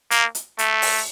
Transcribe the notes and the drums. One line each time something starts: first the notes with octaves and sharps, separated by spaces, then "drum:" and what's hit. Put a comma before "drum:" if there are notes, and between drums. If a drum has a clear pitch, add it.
A#3, drum: hi-hat
drum: hi-hat
A3, drum: hi-hat
drum: open hi-hat